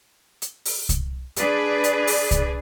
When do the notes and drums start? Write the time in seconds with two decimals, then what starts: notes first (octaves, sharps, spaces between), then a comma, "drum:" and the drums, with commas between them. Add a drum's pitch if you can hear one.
0.42 drum: hi-hat
0.65 drum: open hi-hat
0.89 drum: kick C2, hi-hat
1.36 D4 G#4 B4 D5, drum: hi-hat
1.84 drum: hi-hat
2.07 drum: open hi-hat
2.31 drum: kick C2, hi-hat